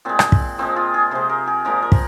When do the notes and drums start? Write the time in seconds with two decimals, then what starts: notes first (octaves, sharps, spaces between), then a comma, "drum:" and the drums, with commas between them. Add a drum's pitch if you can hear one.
0.05 A#2 G#3 C4
0.19 drum: rim click
0.32 drum: kick
0.58 A#2 F3 G#3 C4
0.76 F4
0.94 G#4
1.11 C3 G#3 C5
1.30 A#4
1.47 G#4
1.65 A#2 F3 G#3 A#4
1.82 A#4
1.92 drum: kick